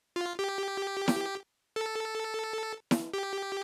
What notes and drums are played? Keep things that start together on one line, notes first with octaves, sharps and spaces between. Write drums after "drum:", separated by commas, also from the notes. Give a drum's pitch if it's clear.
F4
G4
drum: snare E4
A4
drum: snare E4
G4